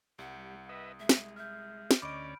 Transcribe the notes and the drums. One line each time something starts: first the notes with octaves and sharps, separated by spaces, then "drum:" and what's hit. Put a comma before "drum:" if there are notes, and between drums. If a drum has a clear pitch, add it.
C2 G3 F#5
B4 D#5 E5 D#6
G#3 E5
drum: snare
E5 F6 G6
drum: snare
D2 C#4 D5 D#5 B5 C#6 D6 D7